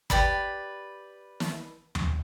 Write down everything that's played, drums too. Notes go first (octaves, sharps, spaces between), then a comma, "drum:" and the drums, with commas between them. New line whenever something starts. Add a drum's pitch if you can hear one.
G4 B4 D5 B5, drum: kick
drum: snare
drum: tom D#2